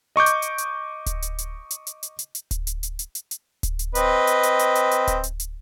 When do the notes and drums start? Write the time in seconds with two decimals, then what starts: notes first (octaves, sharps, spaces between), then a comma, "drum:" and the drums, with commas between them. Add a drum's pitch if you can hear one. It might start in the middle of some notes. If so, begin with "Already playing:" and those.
0.16 D#5 C#6 D6 G6
0.26 drum: hi-hat
0.42 drum: hi-hat
0.58 drum: hi-hat
1.06 drum: kick D1, hi-hat
1.22 drum: hi-hat
1.38 drum: hi-hat
1.71 drum: hi-hat
1.87 drum: hi-hat
2.03 drum: hi-hat
2.19 drum: hi-hat
2.35 drum: hi-hat
2.51 drum: kick D1, hi-hat
2.67 drum: hi-hat
2.83 drum: hi-hat
2.99 drum: hi-hat
3.15 drum: hi-hat
3.31 drum: hi-hat
3.63 drum: kick D1, hi-hat
3.79 drum: hi-hat
3.95 C4 B4 D#5, drum: hi-hat
4.27 drum: hi-hat
4.43 drum: hi-hat
4.59 drum: hi-hat
4.75 drum: hi-hat
4.91 drum: hi-hat
5.07 drum: kick D1, hi-hat
5.24 drum: hi-hat
5.40 drum: hi-hat